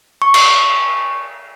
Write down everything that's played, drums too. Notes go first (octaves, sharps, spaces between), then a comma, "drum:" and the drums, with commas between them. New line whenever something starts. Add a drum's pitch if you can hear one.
C#6
drum: cymbal